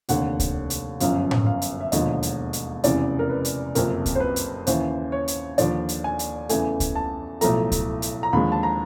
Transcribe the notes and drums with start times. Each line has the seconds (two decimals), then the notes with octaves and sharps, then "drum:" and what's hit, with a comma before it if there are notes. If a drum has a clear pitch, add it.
0.09 F1 D#2 D3 F#5, drum: hi-hat
0.40 drum: kick C#2, hi-hat
0.70 drum: hi-hat
1.00 G1 F#2 C#3 F3 F5, drum: hi-hat
1.31 drum: tom A2
1.47 F5
1.62 drum: hi-hat
1.81 E5
1.92 E1 D#2 D3 F3 D#5, drum: hi-hat
2.23 drum: hi-hat
2.53 drum: hi-hat
2.84 F1 E2 C#3 D5, drum: hi-hat
3.19 A#4
3.30 B4
3.45 drum: hi-hat
3.75 F#1 F2 C3 A#4, drum: hi-hat
4.06 drum: kick C#2, hi-hat
4.15 C5
4.20 B4
4.36 drum: hi-hat
4.67 D#2 C#3 E3 C5, drum: hi-hat
5.12 C#5
5.28 drum: hi-hat
5.58 D#2 D3 F3 D5, drum: hi-hat
5.89 drum: hi-hat
6.04 G#5
6.19 drum: hi-hat
6.49 E2 C#3 E3 A3 G#5, drum: hi-hat
6.80 drum: kick C#2, hi-hat
6.95 A5
7.41 B1 A2 F3 A3 A#5, drum: hi-hat
7.72 drum: kick C#2, hi-hat
8.02 drum: hi-hat
8.23 A#5
8.33 D#2 D3 F3 G#3 B5
8.52 A5
8.63 A#5